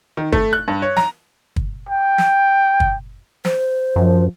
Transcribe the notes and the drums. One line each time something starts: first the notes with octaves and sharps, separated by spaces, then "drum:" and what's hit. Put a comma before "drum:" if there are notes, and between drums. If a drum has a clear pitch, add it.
D#3
A3, drum: kick
F#6
G2
C#5
A#5, drum: snare
drum: kick
G5
drum: snare
drum: kick
C5, drum: snare
F#2 F3